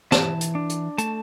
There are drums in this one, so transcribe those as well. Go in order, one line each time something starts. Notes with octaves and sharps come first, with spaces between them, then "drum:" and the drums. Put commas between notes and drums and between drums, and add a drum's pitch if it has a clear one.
E3 A5, drum: snare
drum: hi-hat
D4
drum: hi-hat
A3 A5, drum: hi-hat